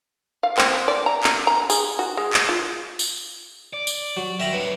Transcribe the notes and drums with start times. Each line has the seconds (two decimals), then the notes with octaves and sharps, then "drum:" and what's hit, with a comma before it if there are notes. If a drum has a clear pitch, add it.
0.43 F5
0.58 C4, drum: clap
0.88 D5
1.06 A#5
1.23 drum: clap
1.47 A#5
1.70 G#4, drum: tambourine
1.99 F#4
2.17 G#3
2.33 drum: clap
2.49 F4
2.99 drum: tambourine
3.73 D5
3.87 drum: tambourine
4.17 F#3
4.40 A#4 E5 G5 A#5 B5
4.53 F#3 D4 B4